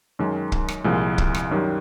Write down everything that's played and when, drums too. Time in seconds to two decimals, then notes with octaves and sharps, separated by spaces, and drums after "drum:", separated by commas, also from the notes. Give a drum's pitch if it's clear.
0.19 F#2 D#3 G#3
0.52 drum: kick
0.68 drum: rim click
0.84 C2 A#2 F3 G#3
1.18 drum: kick
1.35 drum: rim click
1.51 F#2 D#3 G3